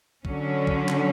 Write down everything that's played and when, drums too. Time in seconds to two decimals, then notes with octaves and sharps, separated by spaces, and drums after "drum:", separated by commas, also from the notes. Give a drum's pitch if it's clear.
0.25 D3 F#3 C#4, drum: kick
0.67 drum: kick
0.89 drum: clap